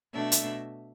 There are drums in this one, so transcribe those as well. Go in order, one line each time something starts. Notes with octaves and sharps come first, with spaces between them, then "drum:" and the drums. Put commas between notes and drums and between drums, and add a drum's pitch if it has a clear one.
B2 A3 D4 E5
drum: hi-hat